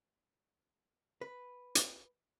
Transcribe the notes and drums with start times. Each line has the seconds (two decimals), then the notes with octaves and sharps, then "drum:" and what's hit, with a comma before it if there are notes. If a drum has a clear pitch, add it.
1.21 B4
1.75 drum: hi-hat